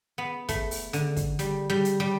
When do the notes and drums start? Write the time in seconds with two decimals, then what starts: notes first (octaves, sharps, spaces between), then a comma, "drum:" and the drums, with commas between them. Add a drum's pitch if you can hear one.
0.18 B3
0.49 A3, drum: kick, hi-hat
0.71 drum: open hi-hat
0.93 D3, drum: hi-hat
1.17 drum: kick, hi-hat
1.39 G3, drum: hi-hat
1.70 G3
1.85 drum: hi-hat
2.00 G3